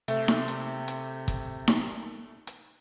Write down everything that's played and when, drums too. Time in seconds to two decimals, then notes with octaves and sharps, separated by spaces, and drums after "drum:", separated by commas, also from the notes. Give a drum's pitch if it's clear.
0.08 C3 A3, drum: hi-hat
0.28 drum: snare D#4
0.48 drum: hi-hat
0.88 drum: hi-hat
1.28 drum: kick, hi-hat
1.68 drum: snare D#4
2.47 drum: hi-hat